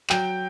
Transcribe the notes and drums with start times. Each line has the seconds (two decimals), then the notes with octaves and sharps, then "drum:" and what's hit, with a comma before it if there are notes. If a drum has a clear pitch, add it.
0.10 F#3 G5, drum: clap